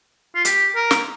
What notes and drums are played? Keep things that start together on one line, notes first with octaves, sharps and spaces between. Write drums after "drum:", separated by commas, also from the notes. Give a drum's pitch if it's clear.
F4
G4, drum: hi-hat
A#4
drum: snare